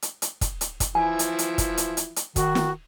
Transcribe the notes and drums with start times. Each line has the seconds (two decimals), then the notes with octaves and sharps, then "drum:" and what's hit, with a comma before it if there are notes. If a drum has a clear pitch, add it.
0.02 drum: hi-hat
0.22 drum: hi-hat
0.41 drum: kick, hi-hat
0.61 drum: hi-hat
0.80 drum: kick, hi-hat
0.95 E3 F3 E4 G#5
1.19 drum: hi-hat
1.39 drum: hi-hat
1.58 drum: kick, hi-hat
1.77 drum: hi-hat
1.97 drum: hi-hat
2.16 drum: hi-hat
2.36 D#3 F#4, drum: kick, hi-hat
2.55 drum: snare